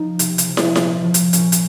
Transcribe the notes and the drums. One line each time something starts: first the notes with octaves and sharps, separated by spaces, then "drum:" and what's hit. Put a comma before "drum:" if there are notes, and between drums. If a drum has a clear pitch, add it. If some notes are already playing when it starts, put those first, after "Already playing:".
Already playing: F3 D#4
C3, drum: hi-hat
drum: hi-hat
F3
drum: snare
A#2, drum: snare
F3
drum: hi-hat
A#2 C#4, drum: hi-hat
drum: hi-hat